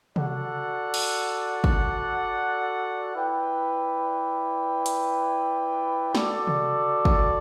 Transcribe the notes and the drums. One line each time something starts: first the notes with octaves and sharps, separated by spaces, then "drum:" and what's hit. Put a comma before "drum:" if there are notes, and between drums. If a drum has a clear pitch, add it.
F#4 A4 D5 F#5, drum: tom C3
drum: cymbal
drum: kick
E4 B4 D5 G5
drum: hi-hat
F#4 A4 D5, drum: snare
drum: tom C3
drum: kick